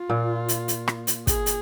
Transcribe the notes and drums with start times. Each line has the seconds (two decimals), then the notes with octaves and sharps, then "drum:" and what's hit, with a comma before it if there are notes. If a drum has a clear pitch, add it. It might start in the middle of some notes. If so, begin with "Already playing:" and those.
Already playing: F4
0.10 A#2
0.49 drum: hi-hat
0.68 drum: hi-hat
0.88 drum: rim click
1.07 drum: hi-hat
1.27 G#4, drum: kick, hi-hat
1.46 drum: hi-hat